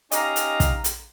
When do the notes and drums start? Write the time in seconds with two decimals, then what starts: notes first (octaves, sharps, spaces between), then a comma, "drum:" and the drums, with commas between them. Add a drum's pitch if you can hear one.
0.12 C#4 D#4 G4 D#5 F5 A#5, drum: hi-hat
0.36 drum: hi-hat
0.60 drum: kick, hi-hat
0.84 drum: hi-hat